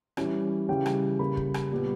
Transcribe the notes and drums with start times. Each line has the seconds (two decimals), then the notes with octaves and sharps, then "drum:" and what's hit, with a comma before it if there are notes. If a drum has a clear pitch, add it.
0.17 E3 G3 C#4, drum: rim click
0.69 C#3 E3 G3 C#4 G5
0.86 drum: rim click
1.19 C#3 G3 A#3 B5
1.37 drum: kick
1.54 drum: rim click
1.71 A#2 G3 B3